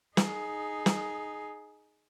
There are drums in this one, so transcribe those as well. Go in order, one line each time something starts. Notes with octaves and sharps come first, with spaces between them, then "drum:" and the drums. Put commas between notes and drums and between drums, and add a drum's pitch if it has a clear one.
D#4 G#4, drum: snare
drum: snare